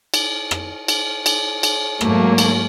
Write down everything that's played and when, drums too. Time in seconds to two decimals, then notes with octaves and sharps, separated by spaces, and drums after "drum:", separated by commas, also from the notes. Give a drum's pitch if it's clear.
0.14 drum: cymbal
0.51 drum: rim click
0.88 drum: cymbal
1.26 drum: cymbal
1.63 drum: cymbal
2.01 G#2 F#3 A3 A#3, drum: rim click
2.38 drum: cymbal